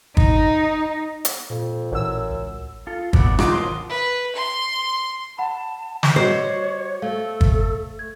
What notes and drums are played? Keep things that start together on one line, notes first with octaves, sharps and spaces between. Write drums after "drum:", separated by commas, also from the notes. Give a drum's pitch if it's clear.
D#4, drum: kick
drum: hi-hat
F2 A#2
A1 F#2 E6
C#2
F4 A4
A#1 B2 E4 D5 F#5, drum: kick
E3 D#4 F4 F#5 D6, drum: rim click
G#1 D#2 F#3 D#5 C6
B4
C6
F#5 A5 B5
drum: snare
G3 F#4 G4 C5 C#5 D#5
A3 A4 F5
drum: kick
G#6